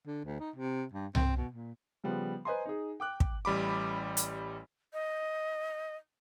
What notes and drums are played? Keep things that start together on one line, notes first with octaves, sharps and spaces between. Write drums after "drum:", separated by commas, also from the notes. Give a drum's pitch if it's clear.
D3
D2
D#4
C3
G2
C4, drum: tom C2
B2
A#2
C#3 F3 G3 B3
B4 C5 D#5 G#5 A#5 C6
D#4 G#4
G5 D6 F#6
drum: kick
A1 G3 B5 D6
drum: hi-hat
D#5